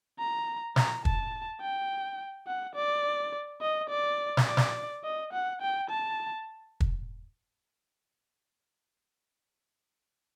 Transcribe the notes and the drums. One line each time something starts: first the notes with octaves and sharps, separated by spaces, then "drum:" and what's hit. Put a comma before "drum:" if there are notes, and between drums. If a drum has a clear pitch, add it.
A#5
A#5, drum: snare
A5, drum: kick
G5
F#5
D5
D#5
D5
drum: snare
D5
drum: snare
D#5
F#5
G5
A5
drum: kick